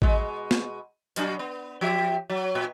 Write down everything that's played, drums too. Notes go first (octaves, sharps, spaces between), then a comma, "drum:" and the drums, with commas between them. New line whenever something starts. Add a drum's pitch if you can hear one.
B2 G#3, drum: kick A1
drum: snare
B2 F#3 D4, drum: hi-hat
B3
F3 G4 E5
F#3
A#2